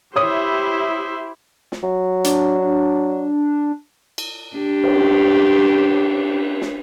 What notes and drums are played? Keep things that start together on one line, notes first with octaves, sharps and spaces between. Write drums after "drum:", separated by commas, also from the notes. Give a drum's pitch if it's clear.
E4 G4 C5 C#5 E5 D#6
drum: snare
F#3
D4, drum: hi-hat
drum: cymbal
D4 G4
drum: cymbal
drum: snare